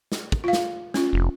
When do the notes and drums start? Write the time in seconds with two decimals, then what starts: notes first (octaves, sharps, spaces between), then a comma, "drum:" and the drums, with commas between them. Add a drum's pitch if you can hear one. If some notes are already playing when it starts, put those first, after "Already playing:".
0.12 drum: snare
0.32 drum: kick
0.44 F4 F5
0.53 drum: snare
0.94 C#4 F4, drum: snare
1.13 F1